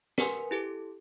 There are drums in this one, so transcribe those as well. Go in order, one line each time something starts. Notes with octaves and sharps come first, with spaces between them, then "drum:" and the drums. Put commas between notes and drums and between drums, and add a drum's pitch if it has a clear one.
A#4 B4 F#5 G#5 C6, drum: snare
E4 G4 A4